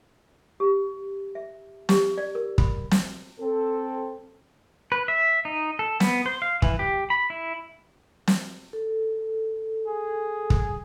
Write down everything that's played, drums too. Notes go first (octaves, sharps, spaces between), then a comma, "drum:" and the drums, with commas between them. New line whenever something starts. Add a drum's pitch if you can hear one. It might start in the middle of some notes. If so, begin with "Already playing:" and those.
G4
E5
G4, drum: snare
D5
A#4
B5, drum: kick
drum: snare
C4 A4
B4
E5
D#4
A4
B3, drum: snare
C5
F5
E3, drum: kick
G4
B5
E4
drum: snare
A4
G#4
drum: kick